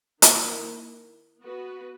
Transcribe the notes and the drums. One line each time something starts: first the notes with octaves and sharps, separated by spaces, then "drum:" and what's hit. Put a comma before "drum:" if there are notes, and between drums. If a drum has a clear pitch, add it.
D#3 A#3 E4, drum: hi-hat
B3 F#4 B4